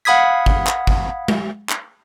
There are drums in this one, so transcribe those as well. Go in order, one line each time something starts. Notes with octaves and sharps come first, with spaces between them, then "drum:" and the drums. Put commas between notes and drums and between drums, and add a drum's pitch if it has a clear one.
F5 F#5 B5 D#6 G#6 B6
drum: kick G#1
drum: clap
drum: kick G#1
drum: tom G#3
drum: clap